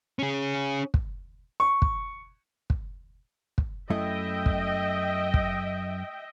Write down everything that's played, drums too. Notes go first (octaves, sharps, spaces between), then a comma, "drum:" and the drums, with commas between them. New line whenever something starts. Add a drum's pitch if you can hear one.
C#4 G#4
drum: kick
C#6
drum: kick
drum: kick
drum: kick
F#2 A3 E4 D#5 E5 G5
drum: kick
drum: kick